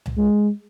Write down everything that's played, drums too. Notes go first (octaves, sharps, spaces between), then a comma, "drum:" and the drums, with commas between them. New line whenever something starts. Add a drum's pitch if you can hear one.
drum: tom C2
G#3